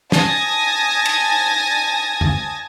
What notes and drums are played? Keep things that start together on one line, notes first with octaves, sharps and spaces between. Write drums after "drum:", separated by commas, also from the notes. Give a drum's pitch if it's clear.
G#5 A5 D#6 G#6 A#6, drum: snare
drum: cymbal
drum: tom F2